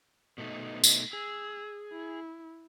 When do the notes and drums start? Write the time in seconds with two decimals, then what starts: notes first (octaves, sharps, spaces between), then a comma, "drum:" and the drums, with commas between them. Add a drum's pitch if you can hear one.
0.38 B2 A3 D#4
0.84 drum: tambourine
1.13 G#4 E6
1.92 E4